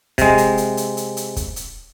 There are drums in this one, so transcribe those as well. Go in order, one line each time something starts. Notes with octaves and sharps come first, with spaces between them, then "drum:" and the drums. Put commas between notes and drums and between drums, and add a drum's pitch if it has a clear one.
C3 G#3, drum: kick, hi-hat
drum: hi-hat
drum: hi-hat
drum: hi-hat
drum: hi-hat
drum: hi-hat
drum: kick, hi-hat
drum: hi-hat